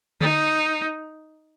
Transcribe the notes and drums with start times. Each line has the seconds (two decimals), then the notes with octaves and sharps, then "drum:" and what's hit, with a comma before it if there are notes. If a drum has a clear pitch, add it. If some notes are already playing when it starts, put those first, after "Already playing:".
0.21 D#4, drum: tom D3